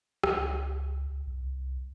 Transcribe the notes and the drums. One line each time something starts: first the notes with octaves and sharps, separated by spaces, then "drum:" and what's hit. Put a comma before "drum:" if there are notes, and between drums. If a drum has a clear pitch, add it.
C#2, drum: rim click
C2